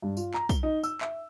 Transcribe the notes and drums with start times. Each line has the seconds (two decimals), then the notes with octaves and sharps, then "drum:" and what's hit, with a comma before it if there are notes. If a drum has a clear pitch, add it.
0.02 G2
0.17 F4, drum: tambourine
0.34 A#5, drum: clap
0.49 G7, drum: kick, tambourine
0.63 D#4
0.83 E6, drum: tambourine
1.01 E5, drum: clap